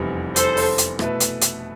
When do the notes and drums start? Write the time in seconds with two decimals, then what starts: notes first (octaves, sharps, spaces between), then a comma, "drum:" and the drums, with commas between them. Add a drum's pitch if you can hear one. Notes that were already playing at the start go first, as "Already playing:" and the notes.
Already playing: F1 E2 C3 E3 G3
0.36 A4 C5, drum: hi-hat
0.57 drum: open hi-hat
0.78 drum: hi-hat
0.99 B2 A3 E4 B4, drum: rim click
1.20 drum: hi-hat
1.41 drum: hi-hat